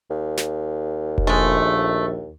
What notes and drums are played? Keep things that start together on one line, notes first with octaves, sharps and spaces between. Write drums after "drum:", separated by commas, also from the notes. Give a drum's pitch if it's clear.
D#2
drum: snare
drum: kick F1
A#1 G#3 A3